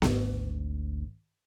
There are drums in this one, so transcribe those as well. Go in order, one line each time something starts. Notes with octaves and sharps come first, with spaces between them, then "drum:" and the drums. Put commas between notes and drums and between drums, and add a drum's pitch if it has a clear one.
G#1 D2, drum: snare B3